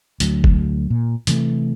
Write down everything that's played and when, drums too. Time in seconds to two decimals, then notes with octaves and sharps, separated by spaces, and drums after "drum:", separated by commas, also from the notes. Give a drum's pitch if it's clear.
0.20 D2 F#3, drum: hi-hat
0.44 drum: kick
0.90 A#2
1.27 C3 E3 F#3 A3, drum: hi-hat